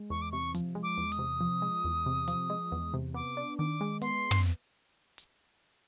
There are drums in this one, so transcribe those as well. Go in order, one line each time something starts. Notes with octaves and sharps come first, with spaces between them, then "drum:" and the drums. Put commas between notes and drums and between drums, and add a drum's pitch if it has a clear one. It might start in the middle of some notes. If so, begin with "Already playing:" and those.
Already playing: G#3
E2 C#6
D6
C3 C#6
F3, drum: hi-hat
G#3
D6
E2
D#6, drum: hi-hat
C3
F3
G#3
E2
C3
F3, drum: hi-hat
G#3
E2
C3
B3 D6
D4
D#3 D6
G#3
B3 C6, drum: hi-hat
drum: tom
drum: hi-hat